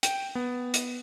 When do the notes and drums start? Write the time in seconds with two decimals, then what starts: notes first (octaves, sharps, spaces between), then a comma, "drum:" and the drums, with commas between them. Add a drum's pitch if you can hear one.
0.03 G5, drum: hi-hat
0.35 B3
0.74 drum: hi-hat